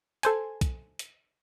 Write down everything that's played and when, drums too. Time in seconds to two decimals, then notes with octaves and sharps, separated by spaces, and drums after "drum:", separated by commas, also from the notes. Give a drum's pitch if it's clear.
0.23 A4 C5 G#5, drum: hi-hat
0.61 drum: kick, hi-hat
0.99 drum: hi-hat